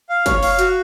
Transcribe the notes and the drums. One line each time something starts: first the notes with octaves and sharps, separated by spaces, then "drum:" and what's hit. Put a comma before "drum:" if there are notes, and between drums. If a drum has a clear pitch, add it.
F5
C#5, drum: kick, hi-hat
F5, drum: open hi-hat
F#4, drum: hi-hat